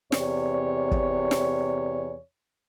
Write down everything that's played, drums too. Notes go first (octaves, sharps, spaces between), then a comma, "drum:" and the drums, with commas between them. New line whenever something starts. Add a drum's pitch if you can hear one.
E2 C3 C#5 D5, drum: snare
drum: kick
drum: snare